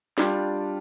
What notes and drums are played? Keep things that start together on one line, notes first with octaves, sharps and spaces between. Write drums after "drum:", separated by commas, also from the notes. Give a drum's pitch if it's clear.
G3 D4 F4 G4, drum: snare